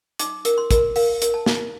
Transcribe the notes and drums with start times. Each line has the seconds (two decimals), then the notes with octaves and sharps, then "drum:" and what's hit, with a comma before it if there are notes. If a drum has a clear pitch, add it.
0.19 D#4 D6, drum: hi-hat
0.45 A#4, drum: hi-hat
0.58 C6
0.71 A#4, drum: kick, hi-hat
0.96 A#4 F5, drum: open hi-hat
1.22 A#4, drum: hi-hat
1.34 A5
1.46 D#4, drum: snare